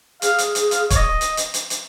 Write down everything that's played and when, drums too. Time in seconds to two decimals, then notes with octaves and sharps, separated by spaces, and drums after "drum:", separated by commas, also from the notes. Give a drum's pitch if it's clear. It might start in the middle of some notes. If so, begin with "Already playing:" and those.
0.22 G#4 F5, drum: hi-hat
0.38 drum: hi-hat
0.55 drum: hi-hat
0.71 F5, drum: hi-hat
0.90 C#5, drum: kick C#1, hi-hat
0.96 D#5
1.21 drum: hi-hat
1.37 drum: hi-hat
1.54 drum: hi-hat
1.70 drum: hi-hat